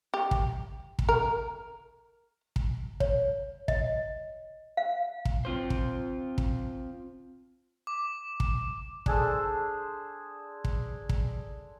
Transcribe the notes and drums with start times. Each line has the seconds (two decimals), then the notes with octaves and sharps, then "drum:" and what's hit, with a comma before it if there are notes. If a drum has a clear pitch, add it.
0.14 G4
0.31 drum: kick
0.99 drum: kick
1.09 A#4
2.56 drum: kick
3.00 C#5, drum: kick
3.68 D#5, drum: kick
4.77 F5
5.25 drum: kick
5.45 C4 F4 C5
5.70 drum: kick
6.38 drum: kick
7.87 D6
8.40 drum: kick
9.06 D4 G#4 A4 C5, drum: kick
10.65 drum: kick
11.09 drum: kick